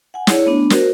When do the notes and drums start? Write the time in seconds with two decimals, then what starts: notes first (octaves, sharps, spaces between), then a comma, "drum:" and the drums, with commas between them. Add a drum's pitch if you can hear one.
0.14 F#5 G#5
0.27 E4 G#4 C#5 D5, drum: snare
0.46 A3 B3 D4
0.70 F#4 A#4 C5 D5, drum: snare